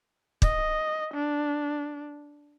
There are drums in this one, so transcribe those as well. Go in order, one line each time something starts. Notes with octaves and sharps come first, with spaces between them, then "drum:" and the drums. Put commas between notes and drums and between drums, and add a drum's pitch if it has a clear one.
D#5, drum: kick
D4